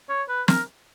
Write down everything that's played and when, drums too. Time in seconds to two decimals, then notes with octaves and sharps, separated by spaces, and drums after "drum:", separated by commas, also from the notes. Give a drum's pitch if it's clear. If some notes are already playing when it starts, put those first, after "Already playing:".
0.09 C#5
0.29 B4
0.48 A#4, drum: snare